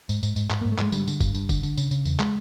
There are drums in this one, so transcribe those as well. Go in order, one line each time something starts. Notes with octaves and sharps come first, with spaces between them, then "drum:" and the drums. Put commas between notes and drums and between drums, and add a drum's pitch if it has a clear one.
G#2, drum: tambourine
G#2, drum: tambourine
G#2, drum: tambourine
G#2, drum: clap
G#2 A#3
A3
G#2 G#3, drum: clap
D3 G3, drum: tambourine
D3, drum: tambourine
G2, drum: kick, tambourine
G2, drum: tambourine
D3, drum: kick, tambourine
D3, drum: tambourine
C#3, drum: tambourine
C#3, drum: tambourine
E2, drum: tambourine
G#3, drum: clap